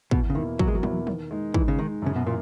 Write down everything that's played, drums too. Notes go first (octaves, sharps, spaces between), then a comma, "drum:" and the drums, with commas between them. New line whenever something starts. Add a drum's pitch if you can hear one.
E2 B2, drum: kick
C#3
B2 D#3 A#3 E4
E2 F#3, drum: kick
G#3
F#3
B2 A#3 E4, drum: tom
D#3, drum: tom
G#3 D#4
D#3 E3, drum: kick
C#3
D#3 G#3 D#4
F#2 C#3
B2
A#2 E3 A#3